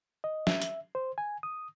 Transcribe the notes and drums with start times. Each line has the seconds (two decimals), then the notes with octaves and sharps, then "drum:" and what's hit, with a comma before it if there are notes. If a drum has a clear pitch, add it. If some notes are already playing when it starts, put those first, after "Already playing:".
0.24 D#5
0.47 E5, drum: snare
0.62 drum: hi-hat
0.95 C5
1.18 G#5
1.43 D#6